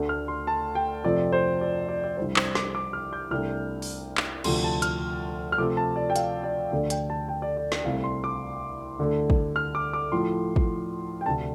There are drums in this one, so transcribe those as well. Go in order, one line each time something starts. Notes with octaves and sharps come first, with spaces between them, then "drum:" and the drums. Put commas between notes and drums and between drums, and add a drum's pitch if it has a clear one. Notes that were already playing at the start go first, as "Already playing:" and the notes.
Already playing: D2 D3 A3
F6
C6
A5
G5
F2 C3 F3 A3 C4 D5
C5
D5
D5
D5
C2 C3 G3 D4 C5
C5, drum: clap
D6, drum: snare
D6
F6
G6
C2 C3 A3 D4 F6
drum: open hi-hat
drum: clap
D2 C3 F3 C6, drum: cymbal
A5
F6, drum: hi-hat
F6
C3 F3 A3 C4 D6
A5
D5
G5
F5, drum: hi-hat
D5
D2 D3 A3 D5
G5, drum: hi-hat
A5
G5
D5
D5
D5, drum: snare
C2 C3 A3 C4 F5
C6
D6
D2 D3 A3
drum: kick
F6
D6
D6
A2 F3 A3 C6
drum: kick
G5
D2 C3 A3 D4 A5